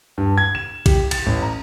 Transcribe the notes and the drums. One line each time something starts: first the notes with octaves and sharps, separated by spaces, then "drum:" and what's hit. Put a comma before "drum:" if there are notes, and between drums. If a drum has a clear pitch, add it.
G2
G#6
E7
G4, drum: kick A#1, cymbal
A6, drum: cymbal
A1
A#5